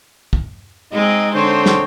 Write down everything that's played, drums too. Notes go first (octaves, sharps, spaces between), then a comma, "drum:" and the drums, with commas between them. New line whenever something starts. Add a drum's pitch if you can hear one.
drum: kick
G#3 C4 D#4 D#5
D3 C4 D#4 C5 C#5
drum: snare